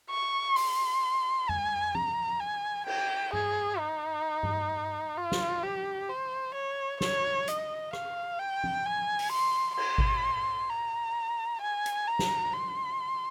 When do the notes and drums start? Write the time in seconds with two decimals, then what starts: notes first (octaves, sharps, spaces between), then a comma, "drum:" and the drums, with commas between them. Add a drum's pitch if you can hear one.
0.10 C#6
0.56 C6, drum: open hi-hat
1.49 G#5, drum: tom F2
1.95 A#5, drum: tom
2.40 G#5
2.86 G5, drum: cymbal
3.33 G#4, drum: tom G2
3.78 D#4
4.43 drum: tom G2
5.17 F4
5.32 drum: snare
5.63 G4
6.09 C5
6.54 C#5
7.01 C#5, drum: snare
7.48 D#5, drum: hi-hat
7.93 F5, drum: rim click
8.39 G5
8.64 drum: tom
8.86 G#5
9.19 drum: open hi-hat
9.32 C6
9.77 C6, drum: cymbal
9.98 drum: kick G#1
10.69 A#5
11.61 G#5
11.86 drum: hi-hat
12.08 A#5
12.19 drum: snare
12.54 C6